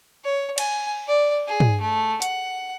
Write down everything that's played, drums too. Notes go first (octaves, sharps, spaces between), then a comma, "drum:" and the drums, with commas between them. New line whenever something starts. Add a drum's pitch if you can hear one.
C#5
G#5, drum: cymbal
D5
G#4
drum: tom
A3
F#5, drum: hi-hat